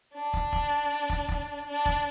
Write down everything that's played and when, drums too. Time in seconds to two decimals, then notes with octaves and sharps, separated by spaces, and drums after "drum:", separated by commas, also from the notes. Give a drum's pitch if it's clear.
0.14 D4
0.34 drum: kick
0.53 drum: kick
1.10 drum: kick
1.29 drum: kick
1.67 D4
1.86 drum: kick